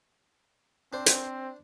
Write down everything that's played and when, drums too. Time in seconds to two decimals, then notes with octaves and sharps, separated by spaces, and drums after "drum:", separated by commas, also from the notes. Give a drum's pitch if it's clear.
0.93 C4 D4 C5
1.06 drum: hi-hat